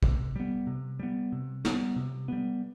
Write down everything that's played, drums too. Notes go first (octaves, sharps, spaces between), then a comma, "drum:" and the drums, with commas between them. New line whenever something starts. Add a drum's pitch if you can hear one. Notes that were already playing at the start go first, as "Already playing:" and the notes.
C3, drum: kick
G3 B3
C3
G3 B3
C3
G3 B3, drum: snare
C3
G3 B3